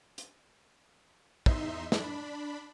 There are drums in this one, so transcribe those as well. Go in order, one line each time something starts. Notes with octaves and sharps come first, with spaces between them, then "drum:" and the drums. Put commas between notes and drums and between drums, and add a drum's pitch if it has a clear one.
drum: hi-hat
E2 D#4 E5 C6, drum: kick
D4 B5, drum: snare